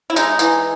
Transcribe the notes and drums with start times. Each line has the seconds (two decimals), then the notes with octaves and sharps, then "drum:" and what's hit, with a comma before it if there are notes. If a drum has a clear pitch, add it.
0.10 E4
0.16 G#3 D#4, drum: tambourine
0.39 E3, drum: tambourine